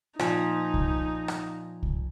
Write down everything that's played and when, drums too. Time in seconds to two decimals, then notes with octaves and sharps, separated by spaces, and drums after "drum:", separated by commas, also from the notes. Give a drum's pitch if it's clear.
0.19 A#2 F3 D#4, drum: rim click
0.74 drum: kick C2
1.28 drum: rim click
1.83 drum: kick C2